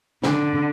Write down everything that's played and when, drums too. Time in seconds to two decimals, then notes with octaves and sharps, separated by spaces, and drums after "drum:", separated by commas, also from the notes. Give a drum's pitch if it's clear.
0.24 D3, drum: snare